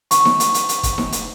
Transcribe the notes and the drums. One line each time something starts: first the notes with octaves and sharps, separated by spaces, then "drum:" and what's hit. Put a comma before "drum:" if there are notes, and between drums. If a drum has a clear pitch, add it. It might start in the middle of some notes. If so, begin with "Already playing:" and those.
C#6, drum: hi-hat
drum: snare D#4
drum: hi-hat
drum: hi-hat
drum: hi-hat
drum: kick, hi-hat
drum: snare D#4
drum: hi-hat